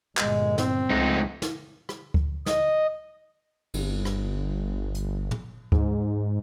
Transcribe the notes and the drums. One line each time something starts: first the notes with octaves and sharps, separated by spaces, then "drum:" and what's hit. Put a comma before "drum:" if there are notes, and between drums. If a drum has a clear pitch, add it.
G1 A#2 G#3, drum: clap
C4, drum: snare
C#2 F3 G#3 A3 D#4
drum: snare
drum: rim click
drum: kick D2
D#5, drum: snare
G1, drum: cymbal
drum: rim click
drum: hi-hat
drum: tom
G#2, drum: kick D2